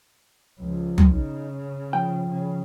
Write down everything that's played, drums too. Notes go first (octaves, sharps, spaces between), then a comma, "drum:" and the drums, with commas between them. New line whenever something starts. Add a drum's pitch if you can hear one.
C#2 F3
drum: tom
C#3 D#4
C#4
F3 G5
C#3